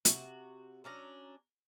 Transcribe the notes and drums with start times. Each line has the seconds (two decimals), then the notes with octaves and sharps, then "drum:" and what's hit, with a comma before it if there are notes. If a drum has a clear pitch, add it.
0.05 C3 F#4, drum: hi-hat
0.84 F#3 C#4 D4 A#5